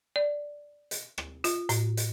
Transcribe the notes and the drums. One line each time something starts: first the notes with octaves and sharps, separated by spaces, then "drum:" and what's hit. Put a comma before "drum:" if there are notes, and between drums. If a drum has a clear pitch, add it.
D5
drum: hi-hat
drum: rim click
F4, drum: hi-hat
A2, drum: hi-hat
drum: hi-hat